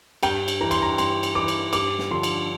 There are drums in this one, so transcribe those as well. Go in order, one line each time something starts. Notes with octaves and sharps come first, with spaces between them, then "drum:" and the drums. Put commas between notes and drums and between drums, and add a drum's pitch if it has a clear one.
G2 G5, drum: cymbal
drum: cymbal
E3 A#5
C6, drum: cymbal
A#5
G2 C6, drum: cymbal
drum: cymbal
E3 D6
drum: cymbal
G2 D6, drum: cymbal
drum: snare
D3 F3 C6
drum: cymbal